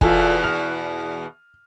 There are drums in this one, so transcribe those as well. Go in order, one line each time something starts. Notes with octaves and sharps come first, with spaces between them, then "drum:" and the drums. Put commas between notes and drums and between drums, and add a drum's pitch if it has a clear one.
E2 B2 E3 F4 A4 G#5, drum: kick
F6